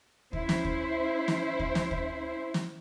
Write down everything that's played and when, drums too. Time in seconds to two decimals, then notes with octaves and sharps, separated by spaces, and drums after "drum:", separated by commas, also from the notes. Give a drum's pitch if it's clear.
0.33 C#4 E4 C5, drum: kick D2
0.49 drum: snare
0.65 drum: kick D2
1.28 drum: snare
1.59 drum: kick D2
1.75 drum: snare
1.91 drum: kick D2
2.54 drum: snare